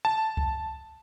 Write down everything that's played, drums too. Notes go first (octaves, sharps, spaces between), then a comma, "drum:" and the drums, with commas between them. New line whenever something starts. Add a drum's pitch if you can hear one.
A5
drum: kick